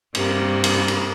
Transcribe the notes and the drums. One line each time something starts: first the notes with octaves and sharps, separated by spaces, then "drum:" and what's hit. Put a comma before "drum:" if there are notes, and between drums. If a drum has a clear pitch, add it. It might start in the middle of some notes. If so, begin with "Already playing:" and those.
G2 C3 A#3, drum: cymbal
drum: cymbal
drum: cymbal